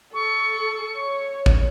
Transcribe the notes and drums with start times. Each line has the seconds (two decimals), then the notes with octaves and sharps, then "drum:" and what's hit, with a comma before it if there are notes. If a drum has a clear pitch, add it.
0.14 A4 C#6
0.98 C#5
1.46 drum: kick